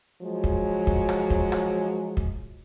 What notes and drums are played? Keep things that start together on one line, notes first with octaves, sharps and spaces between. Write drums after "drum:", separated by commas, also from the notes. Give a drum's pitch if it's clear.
F3 F#3 G#3
drum: kick
drum: kick
drum: rim click
drum: kick
drum: rim click
drum: kick